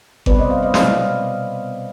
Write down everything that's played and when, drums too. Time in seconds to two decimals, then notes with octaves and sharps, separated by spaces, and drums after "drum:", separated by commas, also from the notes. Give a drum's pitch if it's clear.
0.26 C3 G3 B3 B4 D5, drum: kick G#1
0.38 C5 D#5
0.51 D5 F5
0.63 C5 D#5
0.74 B2 B3 D5 F5, drum: snare